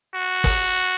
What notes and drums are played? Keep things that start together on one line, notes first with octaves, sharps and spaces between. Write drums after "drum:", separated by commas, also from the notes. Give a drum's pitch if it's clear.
F#4
drum: kick, open hi-hat